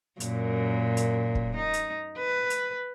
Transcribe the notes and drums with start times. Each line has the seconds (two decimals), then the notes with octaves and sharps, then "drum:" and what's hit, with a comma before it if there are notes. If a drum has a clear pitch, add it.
0.20 F#2 A#2, drum: hi-hat
0.97 drum: hi-hat
1.35 drum: kick
1.56 D#4
1.73 drum: hi-hat
2.18 B4
2.50 drum: hi-hat